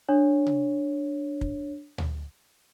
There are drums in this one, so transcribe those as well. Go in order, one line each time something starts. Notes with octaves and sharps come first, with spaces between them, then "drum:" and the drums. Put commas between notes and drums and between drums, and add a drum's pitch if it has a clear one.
D4 C#5
drum: tom C3
drum: kick
drum: tom D2